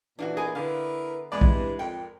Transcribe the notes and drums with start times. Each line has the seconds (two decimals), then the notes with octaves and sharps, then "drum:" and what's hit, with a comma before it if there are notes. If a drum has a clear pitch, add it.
0.19 A#2 E3 D4 F4 F#4
0.37 B3 G#4 A#4 G#5
0.55 D3 B3 E4 A#4 B4 F5
1.32 G2 E3 G#3 B4 D5
1.41 drum: kick
1.79 F2 A#4 G5